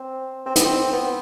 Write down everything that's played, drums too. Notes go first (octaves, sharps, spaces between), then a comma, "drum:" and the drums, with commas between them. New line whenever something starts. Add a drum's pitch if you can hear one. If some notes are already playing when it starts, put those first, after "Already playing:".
Already playing: C4
C4
B3, drum: hi-hat
C4
B3